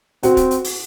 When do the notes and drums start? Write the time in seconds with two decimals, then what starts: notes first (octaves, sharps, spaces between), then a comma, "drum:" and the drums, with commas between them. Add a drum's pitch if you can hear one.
0.23 C4 F#4, drum: hi-hat
0.37 drum: kick, hi-hat
0.51 drum: hi-hat
0.65 drum: open hi-hat